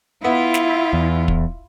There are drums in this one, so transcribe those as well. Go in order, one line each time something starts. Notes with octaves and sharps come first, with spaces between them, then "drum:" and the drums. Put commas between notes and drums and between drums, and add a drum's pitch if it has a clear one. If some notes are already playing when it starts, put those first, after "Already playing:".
B3 E4 F4
drum: snare
E2
drum: kick